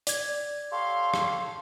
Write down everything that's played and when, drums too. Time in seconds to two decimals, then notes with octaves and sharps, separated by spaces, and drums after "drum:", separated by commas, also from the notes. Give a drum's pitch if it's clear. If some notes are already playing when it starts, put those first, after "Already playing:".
0.07 D5 G#6, drum: hi-hat
0.72 G4 A4 C#5 F5 C6
1.14 drum: rim click